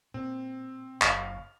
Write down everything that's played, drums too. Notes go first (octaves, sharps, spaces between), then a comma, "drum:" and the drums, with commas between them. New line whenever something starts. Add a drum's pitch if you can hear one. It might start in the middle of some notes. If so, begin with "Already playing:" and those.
A#2 C4
F#1 F5 F6, drum: clap